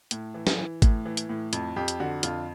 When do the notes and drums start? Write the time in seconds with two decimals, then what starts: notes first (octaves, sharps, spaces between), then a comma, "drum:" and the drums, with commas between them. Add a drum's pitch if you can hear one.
0.11 A2, drum: hi-hat
0.34 E3
0.47 drum: snare
0.58 E3
0.82 A2, drum: kick G#1, hi-hat
1.05 E3
1.17 drum: hi-hat
1.29 A2
1.53 F2, drum: hi-hat
1.76 F2 G4
1.88 drum: hi-hat
2.00 D3 F#4
2.23 F2 F4, drum: hi-hat